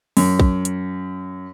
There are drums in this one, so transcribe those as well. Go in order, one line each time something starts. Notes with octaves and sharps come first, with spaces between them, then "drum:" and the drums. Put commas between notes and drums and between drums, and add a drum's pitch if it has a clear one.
F#2, drum: open hi-hat
drum: kick
drum: hi-hat